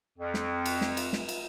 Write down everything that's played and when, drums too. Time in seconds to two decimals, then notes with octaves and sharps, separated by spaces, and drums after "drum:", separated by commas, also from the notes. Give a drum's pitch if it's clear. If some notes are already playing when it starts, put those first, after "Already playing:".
0.18 F2
0.34 drum: snare
0.66 drum: cymbal
0.81 drum: snare
0.97 drum: cymbal
1.13 drum: snare
1.29 drum: cymbal